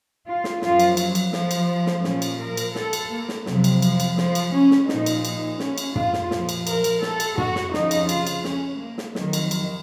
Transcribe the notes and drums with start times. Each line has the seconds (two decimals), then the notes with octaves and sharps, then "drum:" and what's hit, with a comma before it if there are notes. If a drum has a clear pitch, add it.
0.26 F4
0.44 drum: snare
0.62 F#2 F3 F4, drum: snare
0.80 drum: cymbal
0.97 F#3, drum: cymbal
1.15 drum: cymbal
1.33 F3, drum: snare
1.51 drum: cymbal
1.86 drum: snare
2.04 A#2 F3 C#4, drum: snare
2.22 drum: cymbal
2.39 A#4
2.57 drum: cymbal
2.75 A4, drum: snare
2.93 drum: cymbal
3.11 A#3
3.29 drum: snare
3.46 F2 C3 F3 F#3, drum: snare
3.64 drum: cymbal
3.82 F3, drum: cymbal
4.00 drum: cymbal
4.17 F3, drum: snare
4.35 drum: cymbal
4.54 C#4
4.71 drum: snare
4.89 A#2 F3 D#4, drum: snare
5.06 drum: cymbal
5.25 D#4, drum: cymbal
5.59 C#4, drum: snare
5.78 drum: cymbal
5.96 F4, drum: tom
6.13 drum: snare
6.31 A#2 F3, drum: snare
6.49 drum: cymbal
6.67 A#4, drum: cymbal
6.84 drum: cymbal
7.02 A4, drum: snare
7.20 drum: cymbal
7.38 F#4, drum: tom
7.55 drum: snare
7.73 F2 C#3 F3 D#4, drum: snare
7.91 drum: cymbal
8.09 F4, drum: cymbal
8.27 drum: cymbal
8.44 C#4, drum: snare
8.80 A#3
8.98 drum: snare
9.15 F2 D#3 F#3, drum: snare
9.33 drum: cymbal
9.51 drum: cymbal